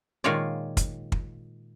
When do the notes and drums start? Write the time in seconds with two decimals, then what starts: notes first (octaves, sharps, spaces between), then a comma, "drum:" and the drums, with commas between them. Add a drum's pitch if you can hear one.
0.24 A#2 D#3 G#3 F4 C#5 D5
0.77 drum: kick, hi-hat
1.12 drum: kick